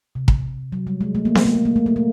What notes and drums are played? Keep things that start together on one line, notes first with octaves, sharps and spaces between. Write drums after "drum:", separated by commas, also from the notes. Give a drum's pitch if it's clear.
C3
drum: kick
F#3
G3
G#3
A3
A#3
A3, drum: snare B3
A#3
A3
A#3
A3
A#3
A3